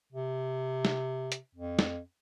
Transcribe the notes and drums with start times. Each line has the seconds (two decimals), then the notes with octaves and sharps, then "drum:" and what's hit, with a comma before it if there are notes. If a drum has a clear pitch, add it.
0.13 C3
0.85 drum: snare
1.32 drum: hi-hat
1.55 F2
1.79 drum: snare